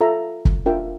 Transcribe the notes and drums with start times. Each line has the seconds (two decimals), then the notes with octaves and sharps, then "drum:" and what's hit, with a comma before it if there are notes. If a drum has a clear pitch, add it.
0.01 F4 A4 E5 A#5
0.45 drum: kick
0.66 D4 F4 A#4 E5 G5